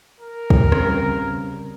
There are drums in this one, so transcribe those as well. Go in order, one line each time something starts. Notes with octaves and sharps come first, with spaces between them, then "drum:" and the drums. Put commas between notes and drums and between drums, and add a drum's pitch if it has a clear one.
A#4
drum: kick
C#3 G3 C4, drum: rim click